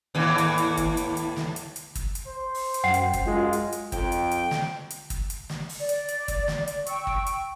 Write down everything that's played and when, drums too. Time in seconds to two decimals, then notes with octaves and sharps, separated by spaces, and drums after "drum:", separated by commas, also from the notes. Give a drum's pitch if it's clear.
0.15 D#2 A2 E3
0.38 drum: hi-hat
0.58 drum: hi-hat
0.77 drum: kick, hi-hat
0.97 drum: hi-hat
1.17 drum: hi-hat
1.36 drum: snare
1.56 drum: hi-hat
1.76 drum: hi-hat
1.95 drum: kick, hi-hat
2.15 drum: hi-hat
2.27 C5
2.54 drum: open hi-hat
2.74 drum: hi-hat
2.84 F#2 F#5 G5 C7
2.94 drum: hi-hat
3.13 drum: kick, hi-hat
3.26 F#2 G#3 F4
3.53 drum: hi-hat
3.72 drum: hi-hat
3.92 F2 G5, drum: kick, hi-hat
4.12 drum: hi-hat
4.31 drum: hi-hat
4.51 drum: snare
4.90 drum: hi-hat
5.10 drum: kick, hi-hat
5.30 drum: hi-hat
5.49 drum: snare
5.69 drum: open hi-hat
5.79 D5
5.89 drum: hi-hat
6.08 drum: hi-hat
6.28 drum: kick, hi-hat
6.48 drum: snare
6.68 drum: hi-hat
6.86 G5 C#6 E6, drum: hi-hat
7.07 drum: kick
7.27 drum: hi-hat